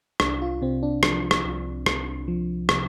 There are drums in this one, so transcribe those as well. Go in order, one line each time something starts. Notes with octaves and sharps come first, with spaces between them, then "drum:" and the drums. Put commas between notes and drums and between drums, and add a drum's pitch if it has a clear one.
C2 D4, drum: rim click
F4
C3 C4
D4
F3 D4, drum: rim click
drum: rim click
C2
C2, drum: rim click
F3
C3, drum: rim click